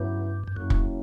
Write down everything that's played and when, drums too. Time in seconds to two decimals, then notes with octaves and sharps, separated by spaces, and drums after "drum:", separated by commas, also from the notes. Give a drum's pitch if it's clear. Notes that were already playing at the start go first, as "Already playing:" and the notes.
Already playing: G2 C#3 F#3 B3 E4 B4
0.48 G2
0.56 F#2 C#3 F#3 A#3 C#4 E4
0.70 drum: kick